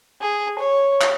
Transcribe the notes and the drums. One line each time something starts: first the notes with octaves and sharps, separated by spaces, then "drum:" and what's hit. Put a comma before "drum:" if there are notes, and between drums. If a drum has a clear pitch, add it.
G#4
C#5
drum: clap